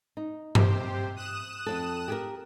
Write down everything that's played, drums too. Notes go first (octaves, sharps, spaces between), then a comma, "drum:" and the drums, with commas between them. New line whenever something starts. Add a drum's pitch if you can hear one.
D#4
C3 G4 C5, drum: tom G2
D#6 F#6 E7
F2 A4
G4 G#4 A#4